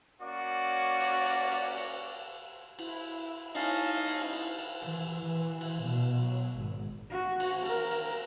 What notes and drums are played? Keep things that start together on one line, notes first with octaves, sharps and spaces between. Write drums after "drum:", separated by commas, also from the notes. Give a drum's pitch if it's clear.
A#3 C#4 F#4 D5
drum: cymbal
drum: cymbal
drum: cymbal
drum: cymbal
E4, drum: cymbal
C#4 D#4 F5 A5, drum: cymbal
drum: cymbal
drum: cymbal
drum: cymbal
E3, drum: cymbal
E3
drum: cymbal
B2
F#3
G#1
F#4
drum: cymbal
A#4, drum: cymbal
drum: cymbal